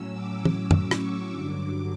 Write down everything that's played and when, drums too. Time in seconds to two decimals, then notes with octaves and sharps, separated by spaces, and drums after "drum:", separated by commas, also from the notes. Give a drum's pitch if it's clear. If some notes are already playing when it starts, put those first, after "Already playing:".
Already playing: A2 F#3 C#4 E6
0.13 D6
0.45 drum: tom
0.71 drum: tom
0.91 C#6, drum: rim click
1.31 G2 D3 F#3 D6